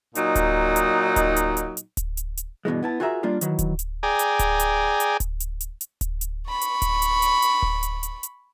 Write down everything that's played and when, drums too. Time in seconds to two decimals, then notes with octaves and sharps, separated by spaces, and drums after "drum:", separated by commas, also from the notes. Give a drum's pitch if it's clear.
0.15 A#2 F#3 D#4, drum: hi-hat
0.35 drum: kick D1, hi-hat
0.76 drum: hi-hat
1.16 drum: kick D1, hi-hat
1.36 drum: hi-hat
1.57 drum: hi-hat
1.77 drum: hi-hat
1.97 drum: kick D1, hi-hat
2.17 drum: hi-hat
2.37 drum: hi-hat
2.65 G2 B2 E3 G#3
2.83 B3 E4 A5
3.00 F4 F#4 G#4 A#4 E5 A#5
3.23 G3 A#3 D4 F4 G4
3.41 D#3 E3 F#3, drum: hi-hat
3.59 drum: kick D1, hi-hat
3.79 drum: hi-hat
4.03 G#4 D5 G5 G#5 A#5
4.19 drum: hi-hat
4.39 drum: kick D1, hi-hat
4.60 drum: hi-hat
5.00 drum: hi-hat
5.20 drum: kick D1, hi-hat
5.40 drum: hi-hat
5.61 drum: hi-hat
5.81 drum: hi-hat
6.01 drum: kick D1, hi-hat
6.21 drum: hi-hat
6.49 B5 C#6
6.61 drum: hi-hat
6.82 drum: kick D1, hi-hat
7.02 drum: hi-hat
7.22 drum: hi-hat
7.42 drum: hi-hat
7.62 drum: kick D1
7.83 drum: hi-hat
8.03 drum: hi-hat
8.23 drum: hi-hat